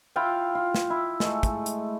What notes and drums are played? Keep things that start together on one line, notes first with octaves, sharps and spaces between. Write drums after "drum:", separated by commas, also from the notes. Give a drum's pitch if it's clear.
E4 F4 F5 G5
F4
drum: snare
E4
G#3 A3, drum: snare
drum: kick, hi-hat
drum: hi-hat